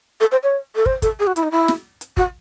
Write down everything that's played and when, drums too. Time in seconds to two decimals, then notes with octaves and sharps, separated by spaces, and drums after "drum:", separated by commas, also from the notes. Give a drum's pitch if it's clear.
0.20 A4
0.32 C5
0.43 C#5
0.76 A4
0.86 C5, drum: kick
1.02 A4, drum: kick, hi-hat
1.19 G#4
1.27 F#4
1.36 E4, drum: hi-hat
1.43 D#4
1.51 E4
1.68 drum: snare
2.01 drum: hi-hat
2.17 F#4, drum: kick